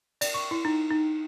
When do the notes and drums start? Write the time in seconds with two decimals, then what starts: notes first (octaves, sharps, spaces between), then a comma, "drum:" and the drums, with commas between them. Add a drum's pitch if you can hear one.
0.21 D5, drum: cymbal
0.34 C#6
0.51 E4
0.65 D#4
0.90 D#4